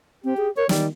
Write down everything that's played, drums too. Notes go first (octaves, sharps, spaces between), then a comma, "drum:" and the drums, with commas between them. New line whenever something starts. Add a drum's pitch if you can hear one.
C4 G4
G#4
A#4 C#5
D#3 G3, drum: snare